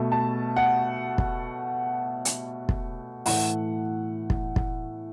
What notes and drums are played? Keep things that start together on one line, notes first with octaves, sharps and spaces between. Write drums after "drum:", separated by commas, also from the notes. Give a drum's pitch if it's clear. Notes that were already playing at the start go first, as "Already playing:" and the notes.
Already playing: B2 A3
A5
F#5
drum: kick
drum: hi-hat
drum: kick
A2 E3 A3 F#5, drum: open hi-hat
drum: kick
drum: kick